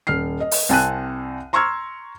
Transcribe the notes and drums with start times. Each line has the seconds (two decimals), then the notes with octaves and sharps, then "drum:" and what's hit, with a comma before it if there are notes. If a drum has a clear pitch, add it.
0.07 D#1 F6 C7
0.40 D#5
0.51 drum: open hi-hat
0.69 C2 C4 G#5 A5 F#6 D#7
1.53 A#5 C6 C#6 E6 F6 G#6